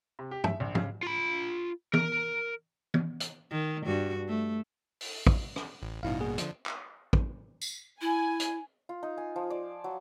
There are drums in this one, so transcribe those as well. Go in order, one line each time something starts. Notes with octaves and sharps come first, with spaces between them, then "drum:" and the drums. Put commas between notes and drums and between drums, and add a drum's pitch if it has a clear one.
C3
G4
E5, drum: tom
A#1
C#3, drum: tom
F4 B5
A#4, drum: tom E3
drum: tom E3
drum: hi-hat
D#3
G2 F#4
A3
drum: open hi-hat
drum: kick
drum: rim click
A1
A1 G2 B2 D#4 E4 F5
A#3 G#4 F#5
D3 F3 D5, drum: hi-hat
drum: clap
drum: kick
drum: tambourine
E4 G#5
drum: hi-hat
F4
D#4
G#5
F3
D5
F#3